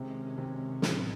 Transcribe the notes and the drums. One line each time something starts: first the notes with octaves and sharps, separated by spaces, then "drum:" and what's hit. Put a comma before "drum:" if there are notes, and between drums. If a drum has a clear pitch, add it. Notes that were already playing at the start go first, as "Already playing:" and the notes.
Already playing: C3 D#3 G#3 C#4
C3
A2 F#3 B3 E4 G#4, drum: snare